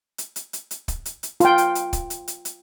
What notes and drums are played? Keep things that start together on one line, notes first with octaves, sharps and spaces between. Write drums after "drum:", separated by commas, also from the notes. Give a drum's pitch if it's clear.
drum: hi-hat
drum: hi-hat
drum: hi-hat
drum: hi-hat
drum: kick, hi-hat
drum: hi-hat
drum: hi-hat
F4 G5, drum: hi-hat
drum: hi-hat
drum: hi-hat
drum: kick, hi-hat
drum: hi-hat
drum: hi-hat
drum: hi-hat